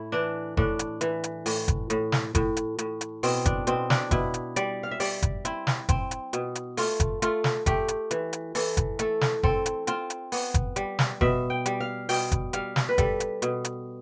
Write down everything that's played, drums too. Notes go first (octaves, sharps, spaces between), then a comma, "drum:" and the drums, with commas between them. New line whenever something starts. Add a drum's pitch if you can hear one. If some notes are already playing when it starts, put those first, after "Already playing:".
Already playing: A2 E4
E3 D4
A2 D4, drum: kick F#1
drum: hi-hat
E3, drum: hi-hat
drum: hi-hat
A2, drum: open hi-hat
drum: kick F#1, hi-hat
A2, drum: hi-hat
drum: snare
A2, drum: kick F#1, hi-hat
drum: hi-hat
A2, drum: hi-hat
drum: hi-hat
B2 C4, drum: open hi-hat
D4, drum: kick F#1, hi-hat
B2 C4, drum: hi-hat
D4, drum: snare
B2 E4, drum: kick F#1, hi-hat
drum: hi-hat
G3 D5, drum: hi-hat
F5
E5
G3 D5, drum: open hi-hat
drum: kick F#1, hi-hat
C4 E4, drum: hi-hat
drum: snare
C4, drum: kick F#1, hi-hat
drum: hi-hat
B2, drum: hi-hat
drum: hi-hat
A3 F4, drum: open hi-hat
drum: kick F#1, hi-hat
A3 F4, drum: hi-hat
drum: snare
A3 G4, drum: kick F#1, hi-hat
drum: hi-hat
E3, drum: hi-hat
drum: hi-hat
E3 A4, drum: open hi-hat
drum: kick F#1, hi-hat
A3 A4, drum: hi-hat
drum: snare
C4 A4, drum: kick F#1
drum: hi-hat
C4 F4, drum: hi-hat
drum: hi-hat
B3, drum: open hi-hat
drum: kick F#1, hi-hat
G3, drum: hi-hat
drum: snare
B2 E5, drum: kick F#1
G5
G3, drum: hi-hat
F5
B2 G5, drum: open hi-hat
drum: kick F#1, hi-hat
G3 F5, drum: hi-hat
drum: snare
B4
G3 A4, drum: kick F#1, hi-hat
drum: hi-hat
B2, drum: hi-hat
drum: hi-hat